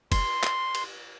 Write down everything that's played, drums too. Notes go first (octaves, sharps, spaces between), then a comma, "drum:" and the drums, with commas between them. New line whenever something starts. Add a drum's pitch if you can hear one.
C6, drum: kick F1, cymbal
drum: clap
drum: cymbal